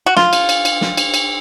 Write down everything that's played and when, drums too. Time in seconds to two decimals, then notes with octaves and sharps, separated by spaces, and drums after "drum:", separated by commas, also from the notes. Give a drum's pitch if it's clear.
0.06 F#4
0.17 F4, drum: snare
0.33 drum: cymbal
0.49 drum: cymbal
0.65 drum: cymbal
0.81 drum: snare
0.97 drum: cymbal
1.14 drum: cymbal